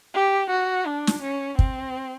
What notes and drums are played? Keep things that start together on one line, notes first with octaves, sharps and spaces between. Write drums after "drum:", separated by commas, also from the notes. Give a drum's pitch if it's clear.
G4
F#4
D4
drum: snare
C#4
C4, drum: kick